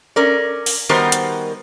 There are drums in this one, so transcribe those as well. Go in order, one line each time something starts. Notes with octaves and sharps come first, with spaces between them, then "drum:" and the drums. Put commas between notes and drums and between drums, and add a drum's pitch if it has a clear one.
C#4 A#4 D5
drum: open hi-hat
D#3 G3 B3 F#4 A#4 C5
drum: hi-hat